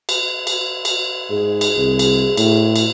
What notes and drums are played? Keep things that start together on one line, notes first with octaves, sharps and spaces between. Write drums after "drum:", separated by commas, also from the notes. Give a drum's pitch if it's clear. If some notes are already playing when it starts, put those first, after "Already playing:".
drum: cymbal
drum: cymbal
drum: cymbal
G#2 G#4
drum: cymbal
C2
drum: cymbal
A2, drum: cymbal
drum: cymbal